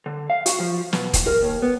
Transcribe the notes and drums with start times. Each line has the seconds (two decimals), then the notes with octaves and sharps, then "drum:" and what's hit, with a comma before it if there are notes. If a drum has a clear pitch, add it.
0.06 D3
0.30 F5
0.46 F#4, drum: hi-hat
0.60 F3
0.93 B2, drum: snare
1.13 drum: kick, hi-hat
1.27 A#4
1.42 D#2
1.62 B3